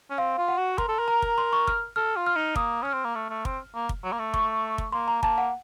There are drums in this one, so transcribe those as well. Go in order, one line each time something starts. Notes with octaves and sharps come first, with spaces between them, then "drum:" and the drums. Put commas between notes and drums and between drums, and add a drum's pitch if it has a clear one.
C#4
C4 F5
F4
F#5
F#4
A#4 C6, drum: kick
A4
A#4
A#5
drum: kick
C6
C#6
F6, drum: kick
A4 F6
F4
F6
D#4
A#3 D#6, drum: kick
C#4 F6
C4
A#3
A3
A3
C4, drum: kick
A#3
drum: kick
F#3
A#3
A3
C#6, drum: kick
drum: kick
A#3 C6
A#5
A#3 A5, drum: kick
F#5